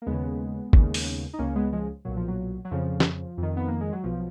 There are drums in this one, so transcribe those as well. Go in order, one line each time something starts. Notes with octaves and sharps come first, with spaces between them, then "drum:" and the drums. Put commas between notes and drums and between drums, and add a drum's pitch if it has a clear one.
A#3
D#2 C#3 G#3 B3
D#2 C#3, drum: kick
drum: open hi-hat
D#4
C#2 C#3 A#3 C#4
G#3 B3
F3 G#3
B1 A#2 F#3
F3
F#3
F#3
F2 C#3 F3
drum: snare
F2 D#3
B3
A#3
G#3
F#3
B1 B2 F3